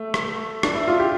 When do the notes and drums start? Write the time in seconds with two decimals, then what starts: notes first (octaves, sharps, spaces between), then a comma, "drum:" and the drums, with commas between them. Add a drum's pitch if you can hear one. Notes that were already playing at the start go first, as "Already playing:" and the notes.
Already playing: A3
0.14 drum: rim click
0.63 D4, drum: rim click
0.75 E4
0.88 F4
1.00 G4